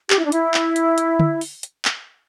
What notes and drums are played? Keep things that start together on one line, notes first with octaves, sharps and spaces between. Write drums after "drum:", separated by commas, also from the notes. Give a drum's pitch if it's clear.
G4, drum: clap
E4
D4
E4, drum: hi-hat
drum: clap
drum: hi-hat
drum: hi-hat
drum: tom
drum: open hi-hat
drum: hi-hat
drum: clap